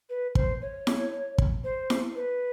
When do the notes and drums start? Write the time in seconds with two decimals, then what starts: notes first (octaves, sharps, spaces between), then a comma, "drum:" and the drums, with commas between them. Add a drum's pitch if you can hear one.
0.10 B4
0.35 C5, drum: kick
0.61 C#5
0.87 drum: snare E4
1.38 drum: kick
1.64 C5
1.90 drum: snare E4
2.15 B4